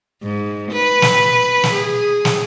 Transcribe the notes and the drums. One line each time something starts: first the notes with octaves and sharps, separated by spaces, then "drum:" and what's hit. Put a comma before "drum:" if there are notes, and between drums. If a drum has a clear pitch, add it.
G#2
B4
drum: snare
drum: snare
G#4
drum: snare